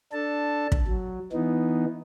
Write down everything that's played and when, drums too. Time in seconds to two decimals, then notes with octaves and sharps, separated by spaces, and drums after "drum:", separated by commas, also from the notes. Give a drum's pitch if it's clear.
0.13 D4 A4 A5
0.72 drum: kick
0.88 F#3
1.33 E3 B3 D#4